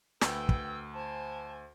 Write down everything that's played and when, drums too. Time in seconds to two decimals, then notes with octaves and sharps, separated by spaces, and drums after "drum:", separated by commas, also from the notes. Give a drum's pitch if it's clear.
0.21 D2 B4 G5 E6, drum: snare
0.49 drum: kick
0.93 C5 G#5 A5